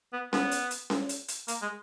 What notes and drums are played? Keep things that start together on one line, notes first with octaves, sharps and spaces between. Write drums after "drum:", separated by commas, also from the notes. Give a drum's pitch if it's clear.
B3
B3, drum: snare C#4
drum: hi-hat
drum: hi-hat
drum: snare C#4
drum: hi-hat
drum: hi-hat
A#3, drum: hi-hat
G#3